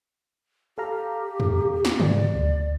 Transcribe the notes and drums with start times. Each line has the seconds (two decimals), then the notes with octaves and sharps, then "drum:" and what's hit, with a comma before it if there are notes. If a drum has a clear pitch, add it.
0.78 G4 A4 F5 A#5
1.40 drum: tom E2
1.85 drum: snare
2.00 G#2 D5, drum: tom C3
2.35 D2